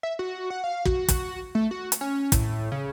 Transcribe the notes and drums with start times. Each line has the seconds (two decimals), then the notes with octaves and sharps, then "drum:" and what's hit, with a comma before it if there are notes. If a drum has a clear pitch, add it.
0.03 E5
0.19 F#4
0.50 F#5
0.64 F5
0.85 F#4, drum: kick
1.08 drum: kick, hi-hat
1.55 A3
1.71 F#4
1.92 drum: hi-hat
2.01 C#4
2.32 A2, drum: kick, hi-hat
2.72 C#3